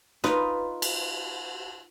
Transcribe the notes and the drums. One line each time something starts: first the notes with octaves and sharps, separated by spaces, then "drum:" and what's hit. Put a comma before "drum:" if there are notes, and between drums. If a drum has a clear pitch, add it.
D#4 F4 B4, drum: snare
drum: cymbal